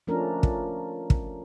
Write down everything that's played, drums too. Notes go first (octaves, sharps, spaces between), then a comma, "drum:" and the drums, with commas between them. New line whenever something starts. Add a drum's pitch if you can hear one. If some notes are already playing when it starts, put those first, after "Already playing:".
F3 A3 C#4 D4 A#4
drum: kick
drum: kick